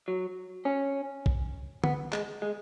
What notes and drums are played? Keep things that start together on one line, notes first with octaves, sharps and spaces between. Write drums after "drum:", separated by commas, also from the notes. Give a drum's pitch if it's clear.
F#3
C#4
drum: kick
B3, drum: tom D3
G#3, drum: clap
G#3